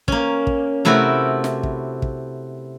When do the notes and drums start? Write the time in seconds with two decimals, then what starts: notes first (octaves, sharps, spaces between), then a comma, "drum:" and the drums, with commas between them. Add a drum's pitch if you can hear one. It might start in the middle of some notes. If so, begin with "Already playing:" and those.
0.08 A#3 C#4, drum: kick
0.47 drum: kick
0.85 C3 A3 E4 F#4 A4 A#4
1.44 drum: snare
1.63 drum: kick
2.02 drum: kick